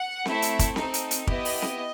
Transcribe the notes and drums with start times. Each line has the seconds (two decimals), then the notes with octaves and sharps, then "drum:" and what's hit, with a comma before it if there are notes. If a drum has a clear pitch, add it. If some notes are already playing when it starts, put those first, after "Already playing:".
Already playing: F#5
0.26 A3 C4 E4 A4, drum: snare C4
0.42 drum: hi-hat
0.59 drum: kick, hi-hat
0.76 C4 D#4 A4, drum: snare C4
0.94 drum: hi-hat
1.11 drum: hi-hat
1.27 B3 E4 G4 D#5, drum: kick
1.45 drum: open hi-hat
1.62 drum: snare C4